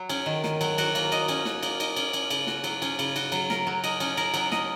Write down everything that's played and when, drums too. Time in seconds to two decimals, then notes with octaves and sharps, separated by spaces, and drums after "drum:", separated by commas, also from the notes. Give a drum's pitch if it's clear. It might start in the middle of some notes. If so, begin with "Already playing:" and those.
Already playing: F#3
0.09 C#4, drum: cymbal
0.26 D#3
0.44 D#3, drum: snare
0.61 F#3, drum: cymbal
0.78 F#4, drum: cymbal
0.95 A#3, drum: cymbal
1.12 D#5, drum: cymbal
1.28 C#4, drum: cymbal
1.45 F#4, drum: snare
1.63 A#3, drum: cymbal
1.80 D#5, drum: cymbal
1.96 C#4, drum: cymbal
2.13 C#4, drum: cymbal
2.30 C#3, drum: cymbal
2.47 F#4, drum: snare
2.64 F#3, drum: cymbal
2.82 C#4, drum: cymbal
2.99 C#3, drum: cymbal
3.16 F#4, drum: cymbal
3.32 F#3, drum: cymbal
3.50 A#4, drum: snare
3.67 F#3
3.84 D#5, drum: cymbal
4.00 C#4, drum: cymbal
4.17 A#4, drum: cymbal
4.34 F#3, drum: cymbal
4.52 D#5, drum: snare